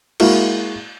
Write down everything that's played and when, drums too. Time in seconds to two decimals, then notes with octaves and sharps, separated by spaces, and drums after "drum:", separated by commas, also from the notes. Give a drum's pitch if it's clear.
0.20 G#3 A#3 E4 F#4 F5, drum: cymbal